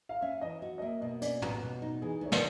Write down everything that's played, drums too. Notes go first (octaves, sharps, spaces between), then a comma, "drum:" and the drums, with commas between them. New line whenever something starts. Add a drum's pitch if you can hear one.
F5
C#4 E5
E3 D#5
F#4
D#5
A#3 E5
B2 D#5
C#4 D5, drum: hi-hat
B3, drum: tom
B2
D#4
E3 G#4
D2 C#5
D5, drum: snare